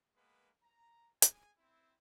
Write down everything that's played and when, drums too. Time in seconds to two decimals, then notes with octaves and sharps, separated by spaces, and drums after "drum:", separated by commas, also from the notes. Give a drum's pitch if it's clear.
0.15 G#3 A#3 B3 B4
0.62 A#5
1.22 G#4 G#5, drum: hi-hat
1.58 C4 E4